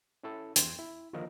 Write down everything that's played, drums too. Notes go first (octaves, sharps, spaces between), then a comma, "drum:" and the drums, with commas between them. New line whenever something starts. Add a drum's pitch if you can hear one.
C#4 E4 A4
E2 G5 C6 G#6, drum: hi-hat
E4
D3 D#3 F3 A#3 D#4 A#4